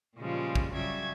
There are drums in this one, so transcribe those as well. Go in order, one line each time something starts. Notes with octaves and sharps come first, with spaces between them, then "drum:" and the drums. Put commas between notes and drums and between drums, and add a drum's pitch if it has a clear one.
A#2 C#3 F3 G3 G#3
drum: kick
C#3 F#3 G3 E5 G#6